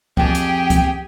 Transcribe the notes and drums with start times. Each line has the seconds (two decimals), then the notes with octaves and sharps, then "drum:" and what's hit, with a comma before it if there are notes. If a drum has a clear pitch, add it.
0.17 F2 G4 G#4 G5 A5, drum: kick C#2
0.35 drum: hi-hat
0.70 drum: kick C#2, hi-hat